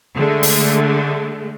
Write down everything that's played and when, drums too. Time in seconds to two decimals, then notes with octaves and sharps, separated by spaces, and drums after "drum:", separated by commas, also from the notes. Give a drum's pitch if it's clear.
0.16 D3 G#3 A3
0.43 drum: open hi-hat